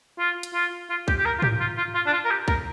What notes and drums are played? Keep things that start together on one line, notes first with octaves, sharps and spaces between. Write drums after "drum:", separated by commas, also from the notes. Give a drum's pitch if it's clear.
F4
drum: hi-hat
F4
F4
G4, drum: kick B1
G4
A#4
F4
G4, drum: tom
F4
F4
F4
D4
F4
A#4
G4
A#4, drum: kick B1